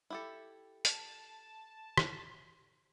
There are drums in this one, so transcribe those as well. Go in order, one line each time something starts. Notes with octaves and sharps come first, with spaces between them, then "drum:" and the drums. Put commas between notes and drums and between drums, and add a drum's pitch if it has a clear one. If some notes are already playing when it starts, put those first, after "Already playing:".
E4 G4 A4
A5, drum: hi-hat
drum: rim click